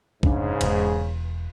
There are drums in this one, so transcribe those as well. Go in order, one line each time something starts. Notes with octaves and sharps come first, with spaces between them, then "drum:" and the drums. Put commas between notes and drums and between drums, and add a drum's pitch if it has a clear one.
F1 G#2 C#3 D4, drum: kick B1
E1, drum: cymbal